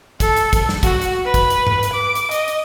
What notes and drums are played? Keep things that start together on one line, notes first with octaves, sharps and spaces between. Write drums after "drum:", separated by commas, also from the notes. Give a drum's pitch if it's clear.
A4, drum: kick, hi-hat
drum: hi-hat
drum: kick, hi-hat
drum: snare
F#4, drum: kick, hi-hat
drum: hi-hat
B4
drum: kick, hi-hat
drum: hi-hat
drum: tom G2
drum: hi-hat
D6
drum: hi-hat
D#5, drum: hi-hat
drum: hi-hat